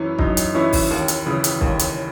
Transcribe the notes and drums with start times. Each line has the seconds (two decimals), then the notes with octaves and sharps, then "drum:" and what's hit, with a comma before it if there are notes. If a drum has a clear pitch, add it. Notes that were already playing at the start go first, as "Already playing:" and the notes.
Already playing: F#2 E3 C#4 E4
0.19 F#2 D#4, drum: kick
0.37 drum: hi-hat
0.55 E3 C#4 E4
0.73 drum: kick, open hi-hat
0.90 D#2
1.08 drum: hi-hat
1.26 C#3 E3
1.44 drum: hi-hat
1.61 D#2, drum: kick
1.79 drum: hi-hat